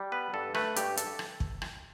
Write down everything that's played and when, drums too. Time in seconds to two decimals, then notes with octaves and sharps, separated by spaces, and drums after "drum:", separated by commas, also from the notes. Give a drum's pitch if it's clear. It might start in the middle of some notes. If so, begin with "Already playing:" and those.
Already playing: G3
0.12 B3 B4
0.34 G2 A4
0.54 A3 B4, drum: rim click
0.76 G2 G4, drum: hi-hat
0.97 A4, drum: hi-hat
1.19 drum: rim click
1.40 drum: kick
1.62 drum: rim click